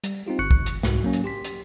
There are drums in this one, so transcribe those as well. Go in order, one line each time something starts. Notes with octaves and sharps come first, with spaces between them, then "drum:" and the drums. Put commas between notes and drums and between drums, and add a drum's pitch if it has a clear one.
G3, drum: hi-hat
C4 D#4 F4 G4
G1 C#6 F#6 C#7
drum: kick
drum: hi-hat
C2 G#2 F#4, drum: snare
F#3 A#3 C#4
drum: hi-hat
G4 C6 B6
drum: hi-hat